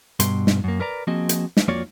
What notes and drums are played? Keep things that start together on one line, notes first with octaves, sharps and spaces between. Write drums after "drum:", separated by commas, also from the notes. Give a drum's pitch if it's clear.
G2 B2 C6, drum: hi-hat
drum: snare
F#2 A#3
A#4 B4 D5 A#5
F3 A#3 C4 F#4 G#4 D#5
drum: hi-hat
drum: snare
F2 A#3 F4 F#4 C#5 D5